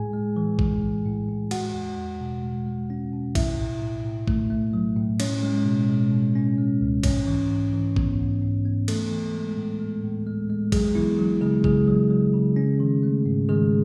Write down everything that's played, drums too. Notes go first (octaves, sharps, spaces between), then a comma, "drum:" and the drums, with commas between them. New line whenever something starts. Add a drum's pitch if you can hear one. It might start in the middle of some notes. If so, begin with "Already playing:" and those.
Already playing: A2 G#3 G#4 G#5
G#3
E3
G#3, drum: kick A#1
G#3
A2
A2
G#3 F#4 F#5, drum: cymbal
E2
E2
B2
G#3
G#3
C#4
B2
A2 E4 E5, drum: kick A#1, cymbal
A2
A2
A2
A3, drum: kick A#1
A3
F#3
A2
C#4 C#5, drum: cymbal
G#3
B2
G#3
B2
C#4
G#3
C#2
G#2 C#4 C#5, drum: kick A#1, cymbal
E3
G#2
E3
B3, drum: kick A#1
G#2
G#2
B3
E3 A3 A4, drum: cymbal
E3
G#3
A2
G#3
A2
G#3
G#3
F#3 G#3 G#4, drum: kick A#1, cymbal
E3 B3 E4
F#3
C#3 G#3 G#4
C#3 G#3 G#4, drum: kick A#1
F#3
F#3
C#3
C#4
D#3
A3
G#2
D#3 G#3 G#4